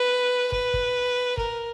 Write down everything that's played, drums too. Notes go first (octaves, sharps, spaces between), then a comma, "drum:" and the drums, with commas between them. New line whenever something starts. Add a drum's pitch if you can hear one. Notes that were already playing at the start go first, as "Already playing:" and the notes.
Already playing: B4
B4, drum: kick
drum: kick
A#4, drum: kick